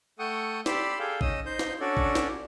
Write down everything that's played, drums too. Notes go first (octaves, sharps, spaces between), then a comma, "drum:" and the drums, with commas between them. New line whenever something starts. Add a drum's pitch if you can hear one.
A3 A4 F#5 G5 C#6 D#6
G4 D5 B5 C6 E6, drum: snare
G#4 A4 F5 G5
C#4 D#4 D#5 D#6 E6, drum: kick
D#4 C5 G6
drum: snare
C#4 D4 F#4 A4 C#5 D5
drum: kick
drum: snare